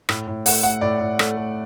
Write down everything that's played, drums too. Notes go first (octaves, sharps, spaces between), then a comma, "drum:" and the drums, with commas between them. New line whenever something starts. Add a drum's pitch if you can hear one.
A2, drum: rim click
A2
A3 F#5, drum: open hi-hat
A3 F#5
A2 D5
A2
A3, drum: rim click
A3